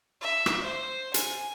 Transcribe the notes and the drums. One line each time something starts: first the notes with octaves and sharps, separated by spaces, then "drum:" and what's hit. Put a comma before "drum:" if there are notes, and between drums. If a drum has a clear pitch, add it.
E5
drum: rim click
C5
G#5, drum: hi-hat